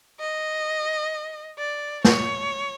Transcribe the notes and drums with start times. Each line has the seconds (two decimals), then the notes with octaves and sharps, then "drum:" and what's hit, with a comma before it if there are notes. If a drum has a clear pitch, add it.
0.19 D#5
1.58 D5
2.05 C#5, drum: snare